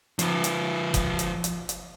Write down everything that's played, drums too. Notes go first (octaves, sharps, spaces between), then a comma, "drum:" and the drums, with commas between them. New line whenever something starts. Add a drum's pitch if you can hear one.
F3 B4, drum: hi-hat
drum: hi-hat
drum: kick F#1, hi-hat
drum: hi-hat
drum: hi-hat
drum: hi-hat